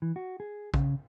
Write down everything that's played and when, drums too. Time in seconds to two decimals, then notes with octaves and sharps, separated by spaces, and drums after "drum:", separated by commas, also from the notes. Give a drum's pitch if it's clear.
0.02 E3
0.16 F#4
0.40 G#4
0.74 C#3, drum: kick